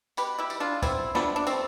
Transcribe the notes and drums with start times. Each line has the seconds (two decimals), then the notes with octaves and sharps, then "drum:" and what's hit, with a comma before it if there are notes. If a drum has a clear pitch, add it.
0.17 B2 G4 B4, drum: tambourine
0.39 E4 G4
0.50 G3, drum: tambourine
0.60 D4 F4
0.82 B3 C4 E4, drum: kick, tambourine
1.15 G3 B3 D4, drum: snare
1.36 D4
1.47 A3 C4, drum: tambourine